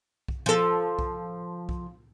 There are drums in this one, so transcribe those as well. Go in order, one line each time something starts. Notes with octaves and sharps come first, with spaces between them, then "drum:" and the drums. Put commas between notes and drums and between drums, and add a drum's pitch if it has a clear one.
drum: kick B1
F3 A4
drum: kick B1
drum: kick B1